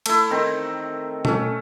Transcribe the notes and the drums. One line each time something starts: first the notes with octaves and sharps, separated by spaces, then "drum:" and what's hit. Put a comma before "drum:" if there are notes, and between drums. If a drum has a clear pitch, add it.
A3 E4, drum: cymbal
D#3 C4
A3 C#4, drum: tom B2